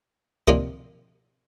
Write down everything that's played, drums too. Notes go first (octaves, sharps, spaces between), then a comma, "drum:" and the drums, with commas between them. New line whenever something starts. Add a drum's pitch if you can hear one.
C3 D#3 A#3 D4 F4, drum: kick C#2